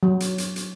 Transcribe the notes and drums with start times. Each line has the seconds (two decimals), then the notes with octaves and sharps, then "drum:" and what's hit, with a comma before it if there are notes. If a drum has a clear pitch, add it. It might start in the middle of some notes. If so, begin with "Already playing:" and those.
0.03 F#3
0.20 drum: hi-hat
0.38 drum: hi-hat
0.56 drum: hi-hat